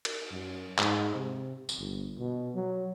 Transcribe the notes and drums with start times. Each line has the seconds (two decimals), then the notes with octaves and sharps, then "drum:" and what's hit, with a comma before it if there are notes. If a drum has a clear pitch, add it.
0.05 drum: cymbal
0.31 F#2
0.79 G#2, drum: clap
1.15 C3
1.69 drum: tambourine
1.78 G1
2.19 B2
2.55 F#3